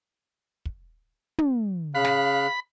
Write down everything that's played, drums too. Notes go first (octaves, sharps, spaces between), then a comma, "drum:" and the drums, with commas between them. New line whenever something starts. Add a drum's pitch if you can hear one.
drum: kick
drum: tom
C#3 F5 B5 F#6
drum: snare